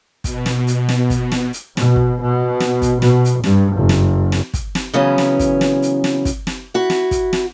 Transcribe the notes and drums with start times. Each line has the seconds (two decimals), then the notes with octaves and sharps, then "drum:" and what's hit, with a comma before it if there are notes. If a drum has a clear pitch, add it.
0.24 B2, drum: kick, hi-hat
0.46 drum: snare
0.67 drum: hi-hat
0.89 drum: snare
1.10 drum: kick, hi-hat
1.32 drum: snare
1.53 drum: hi-hat
1.77 B2, drum: snare
1.96 drum: kick
2.22 B2
2.60 drum: snare
2.82 drum: kick, hi-hat
3.02 B2, drum: snare
3.25 drum: hi-hat
3.44 G2, drum: snare
3.76 F#1
3.89 drum: snare
4.32 drum: snare
4.54 drum: kick, hi-hat
4.75 drum: snare
4.94 C#3 E3 F#3 B3 C#4
5.18 drum: snare
5.39 drum: kick, hi-hat
5.61 drum: snare
5.82 drum: hi-hat
6.04 drum: snare
6.25 drum: kick, hi-hat
6.47 drum: snare
6.74 E4 F#4
6.90 drum: snare
7.11 drum: kick, hi-hat
7.33 drum: snare